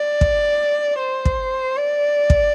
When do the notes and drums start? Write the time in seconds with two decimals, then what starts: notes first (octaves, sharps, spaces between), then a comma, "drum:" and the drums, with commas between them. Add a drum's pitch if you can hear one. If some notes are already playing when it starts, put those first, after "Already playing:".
Already playing: D5
0.21 drum: kick
0.99 C5
1.25 drum: kick
1.77 D5
2.30 drum: kick